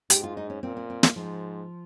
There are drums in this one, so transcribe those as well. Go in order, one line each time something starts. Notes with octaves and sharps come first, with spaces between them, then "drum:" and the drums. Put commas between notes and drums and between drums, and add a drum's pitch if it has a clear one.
G#2 G4, drum: hi-hat
F4
D#4
C#4
A#2 C4
C4
C4
A#3, drum: snare
G#2 F3